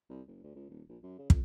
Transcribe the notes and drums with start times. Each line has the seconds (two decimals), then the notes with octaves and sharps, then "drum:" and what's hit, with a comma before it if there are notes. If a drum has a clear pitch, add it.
0.10 C2
0.27 F#1
0.43 D2
0.55 C#2
0.69 D#1
0.89 A#1
1.03 F#2
1.18 C#3
1.30 F2, drum: kick